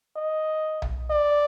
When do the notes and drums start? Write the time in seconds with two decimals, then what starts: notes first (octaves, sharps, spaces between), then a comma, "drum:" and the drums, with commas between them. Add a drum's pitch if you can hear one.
0.16 D#5
0.82 drum: tom B1
1.11 D5